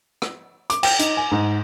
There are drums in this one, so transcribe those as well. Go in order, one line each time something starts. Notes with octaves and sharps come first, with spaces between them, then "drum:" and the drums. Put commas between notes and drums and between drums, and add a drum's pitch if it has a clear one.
drum: rim click
D6, drum: hi-hat
G5, drum: cymbal
D#4, drum: hi-hat
G#5
G#2